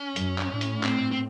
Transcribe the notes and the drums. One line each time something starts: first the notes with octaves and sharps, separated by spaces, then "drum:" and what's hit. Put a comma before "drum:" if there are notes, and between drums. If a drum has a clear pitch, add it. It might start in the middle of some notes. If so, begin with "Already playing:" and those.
Already playing: C#4
F#2, drum: hi-hat
drum: clap
A2
drum: hi-hat
C4, drum: clap
C4